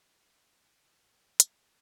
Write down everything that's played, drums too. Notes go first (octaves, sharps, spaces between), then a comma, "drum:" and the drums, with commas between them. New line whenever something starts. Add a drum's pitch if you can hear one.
G1
E6
E5, drum: hi-hat